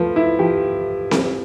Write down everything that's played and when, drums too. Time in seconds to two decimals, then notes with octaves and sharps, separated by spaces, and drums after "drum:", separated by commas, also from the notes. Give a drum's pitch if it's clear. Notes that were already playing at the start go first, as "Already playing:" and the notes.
Already playing: F3 A3 B4
0.16 E4
0.39 F3 G4
1.11 drum: snare C4